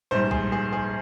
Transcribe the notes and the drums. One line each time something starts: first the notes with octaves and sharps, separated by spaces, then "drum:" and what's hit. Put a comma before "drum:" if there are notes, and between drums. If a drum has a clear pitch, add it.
A#1 G#2 G3 C5
G#4, drum: kick B1
G#4
G#4